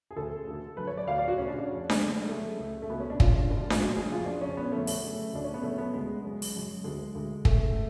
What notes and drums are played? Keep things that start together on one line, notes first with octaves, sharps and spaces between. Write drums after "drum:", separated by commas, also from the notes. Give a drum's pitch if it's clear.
G#4
D2 C#3 A4
D2 D3
F#2 D3 B4
C#5
D5
D2 D3 F5
D5
F#4
D2 C#3 C#4
D4
D4
F2 C#3
drum: snare D4
F#2 D3
G#3
F#2 C#3 A3
C#2 C#3
A3
C#2 B2 B3
C#4
D4
F2 C#3 F4, drum: kick
F4
D4
C#2 B2
D4
F4, drum: snare D4
F#2 C#3 F#4
G#4
F2 C#3 F4
D4
F2 C#3 C#4
B3
F2 D3 A3
A3, drum: open hi-hat
F#2 C#3
D2 C#3 D4
C#4
B3
F#2 C#3 A3
B3
D2 C#3 G#3
F#2 C#3
drum: open hi-hat
F#2 C#3
D2 D3 G#3
D2 D3
C#2 C#3 A3, drum: kick